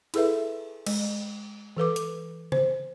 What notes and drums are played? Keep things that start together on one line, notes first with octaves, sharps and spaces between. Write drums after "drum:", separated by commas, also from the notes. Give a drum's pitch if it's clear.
E4 G#4 A4 B4 E5, drum: cymbal
G#3, drum: cymbal
E3 A4 B4 D6
drum: hi-hat
C5, drum: tom C#3